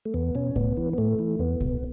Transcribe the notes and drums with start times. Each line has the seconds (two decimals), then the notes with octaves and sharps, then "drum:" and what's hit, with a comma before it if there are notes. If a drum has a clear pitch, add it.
0.05 A3
0.14 E2 B3
0.35 B2 C#4
0.56 A2 B3, drum: kick C2
0.77 E3
0.93 B3
0.98 A2 A3
1.19 E3
1.39 E2 B3
1.61 B2, drum: kick C2